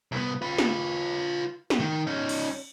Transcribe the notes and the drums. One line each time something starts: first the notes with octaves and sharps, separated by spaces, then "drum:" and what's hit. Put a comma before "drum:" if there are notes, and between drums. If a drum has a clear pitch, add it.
C2 B3
F4 B4
drum: snare
drum: snare
D#3
C#4 D#4
drum: cymbal